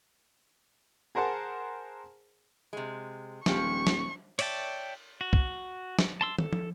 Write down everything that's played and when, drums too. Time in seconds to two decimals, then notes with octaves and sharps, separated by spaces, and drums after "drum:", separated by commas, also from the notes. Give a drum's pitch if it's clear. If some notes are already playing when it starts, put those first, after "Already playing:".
1.15 G#4 A#4 C5 F#5 A5
2.73 C3 G#3
3.46 D#1 F3 G#3 G4 C#6, drum: snare
3.87 drum: snare
4.39 C#5 D5 E5 G5 A5, drum: cymbal
5.21 F#4
5.33 drum: kick C2
5.99 drum: snare
6.21 A5 C6 E6
6.39 A4, drum: tom
6.53 drum: tom